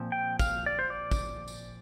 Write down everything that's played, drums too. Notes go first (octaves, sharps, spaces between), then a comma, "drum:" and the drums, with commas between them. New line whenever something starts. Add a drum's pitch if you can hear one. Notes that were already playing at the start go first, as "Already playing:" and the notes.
Already playing: A#2 F3 C4
G5
F5, drum: kick, tambourine
D5
C5
D5
drum: kick, tambourine
drum: tambourine